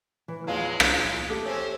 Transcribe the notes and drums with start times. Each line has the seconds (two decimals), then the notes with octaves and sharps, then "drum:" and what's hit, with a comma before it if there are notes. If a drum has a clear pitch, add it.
0.28 E3
0.47 E2 F#3 G#3 F4 F5 A5
0.80 drum: rim click
1.30 G4 A4 E5
1.46 C4 C#4